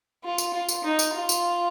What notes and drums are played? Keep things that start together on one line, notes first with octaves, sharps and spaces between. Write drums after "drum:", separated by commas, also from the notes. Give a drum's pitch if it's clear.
F4
drum: tambourine
F4
drum: tambourine
D#4
drum: tambourine
F4
drum: tambourine